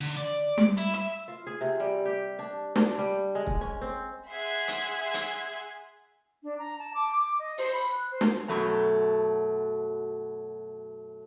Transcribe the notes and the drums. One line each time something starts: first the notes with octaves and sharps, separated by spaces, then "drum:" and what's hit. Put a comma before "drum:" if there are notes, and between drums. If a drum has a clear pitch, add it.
D3
D5
drum: tom G3
E4
E5
F4
G#4
C3
G3
G4
D4
D4, drum: snare
G3
G#3
drum: kick
C#4
C4
G#4 E5 F#5 C6 G#6
drum: hi-hat
drum: hi-hat
D4
A#5
A5
D6
D6
D#5
C5, drum: open hi-hat
B5
F#6
C5
drum: snare
F#2 B2 F#3 A3 A#5